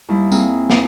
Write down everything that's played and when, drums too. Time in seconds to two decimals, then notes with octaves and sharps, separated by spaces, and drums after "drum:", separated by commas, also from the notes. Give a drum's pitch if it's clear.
0.09 D#2 G3 E4
0.32 A#3 C4 G#4, drum: tambourine
0.70 drum: snare